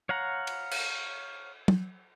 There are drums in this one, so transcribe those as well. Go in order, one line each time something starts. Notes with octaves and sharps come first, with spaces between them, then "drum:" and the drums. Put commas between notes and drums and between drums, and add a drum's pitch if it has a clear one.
C#5 F5 F#5 A#5
drum: cymbal
drum: cymbal
drum: tom